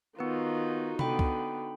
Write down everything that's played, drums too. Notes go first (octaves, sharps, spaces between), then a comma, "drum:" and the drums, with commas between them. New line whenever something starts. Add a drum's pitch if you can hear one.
D#3 B3 D#4 F4 F#4 B4
D3 B3 G5 B5, drum: tom C3
drum: kick C#2